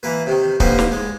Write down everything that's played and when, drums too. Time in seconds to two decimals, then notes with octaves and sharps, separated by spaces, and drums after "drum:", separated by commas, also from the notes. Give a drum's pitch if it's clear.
0.03 E3 A#3 B4
0.27 C3 D#3
0.60 D3 F3 G3 A#3 D#4 B4, drum: kick
0.79 drum: snare
0.92 G#3